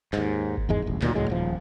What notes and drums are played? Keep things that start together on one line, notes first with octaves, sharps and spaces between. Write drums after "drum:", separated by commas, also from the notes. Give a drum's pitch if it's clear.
D#2 G#2, drum: clap
drum: kick G1
E2 G#2 G#3
D#1 A1
D2 A#2 D#3 F#3, drum: clap
C#2 A2 F#3 G#3
D#1 F3